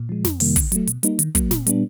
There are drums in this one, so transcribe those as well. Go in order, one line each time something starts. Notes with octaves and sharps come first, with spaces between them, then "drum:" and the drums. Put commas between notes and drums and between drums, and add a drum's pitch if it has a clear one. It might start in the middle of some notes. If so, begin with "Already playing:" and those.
Already playing: A#2
F3 G#3
F2, drum: snare
C3 D#3 G3 A#3, drum: open hi-hat
D3, drum: kick, hi-hat
F#3 A3, drum: hi-hat
B2, drum: hi-hat
G3 A#3 D#4, drum: hi-hat
D#3, drum: hi-hat
F#3 A#3, drum: kick, hi-hat
A#2, drum: snare
G3 B3 D4, drum: hi-hat